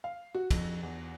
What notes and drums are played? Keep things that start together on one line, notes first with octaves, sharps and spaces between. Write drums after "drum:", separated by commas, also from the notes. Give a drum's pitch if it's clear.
F5
F#4
F2, drum: kick, cymbal
E2